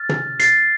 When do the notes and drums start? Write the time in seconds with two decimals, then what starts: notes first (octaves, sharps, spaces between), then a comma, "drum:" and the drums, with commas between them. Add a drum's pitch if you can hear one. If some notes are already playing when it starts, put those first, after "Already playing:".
Already playing: F6 A6
0.09 drum: tom
0.40 A6 C7, drum: hi-hat